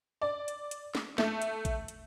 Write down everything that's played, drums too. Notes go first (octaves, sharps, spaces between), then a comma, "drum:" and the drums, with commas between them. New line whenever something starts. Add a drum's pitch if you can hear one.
D5
drum: hi-hat
drum: hi-hat
drum: snare
A3, drum: snare
drum: hi-hat
drum: kick A1, hi-hat
drum: hi-hat